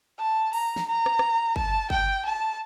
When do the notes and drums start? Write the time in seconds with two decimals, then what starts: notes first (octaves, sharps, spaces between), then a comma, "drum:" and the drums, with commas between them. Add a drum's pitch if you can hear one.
0.18 A5
0.53 A#5, drum: open hi-hat
0.76 drum: snare
0.88 A#5
1.06 drum: rim click
1.19 drum: rim click
1.56 A5, drum: kick G1
1.90 G5, drum: kick G1
2.25 A5